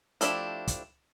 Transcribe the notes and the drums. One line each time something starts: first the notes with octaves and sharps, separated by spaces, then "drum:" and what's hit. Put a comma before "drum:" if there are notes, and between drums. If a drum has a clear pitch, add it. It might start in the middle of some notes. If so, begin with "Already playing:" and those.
F3 A3 D4 E4 G4, drum: hi-hat
drum: kick, hi-hat